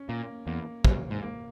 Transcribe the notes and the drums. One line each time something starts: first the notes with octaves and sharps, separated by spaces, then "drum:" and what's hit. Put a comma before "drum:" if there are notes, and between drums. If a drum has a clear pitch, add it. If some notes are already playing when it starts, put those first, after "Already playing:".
Already playing: C#4
A#2 A#3
E2 A#3
F#2 A#3, drum: kick
G#2
A#3